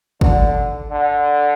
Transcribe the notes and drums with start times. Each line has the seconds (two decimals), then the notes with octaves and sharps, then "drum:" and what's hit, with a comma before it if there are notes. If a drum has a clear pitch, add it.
0.21 D3, drum: kick
0.90 D3